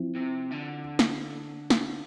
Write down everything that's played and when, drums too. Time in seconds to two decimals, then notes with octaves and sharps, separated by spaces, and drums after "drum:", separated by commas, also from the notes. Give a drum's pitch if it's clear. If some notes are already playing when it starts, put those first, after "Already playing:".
Already playing: F3 C4 E4
0.16 C3
0.51 D3
0.99 drum: snare
1.70 drum: snare